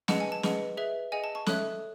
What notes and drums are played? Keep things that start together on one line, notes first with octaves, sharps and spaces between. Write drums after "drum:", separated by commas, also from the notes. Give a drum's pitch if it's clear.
G#4 B4 D#5 F#5 A5, drum: snare
G#5
A5
G#4 B4 D#5 F#5, drum: snare
G#4 B4 E5
G#4 D#5 F#5 G#5
A5
A5 C#6
A4 C#5 E5 D#6 F#6, drum: snare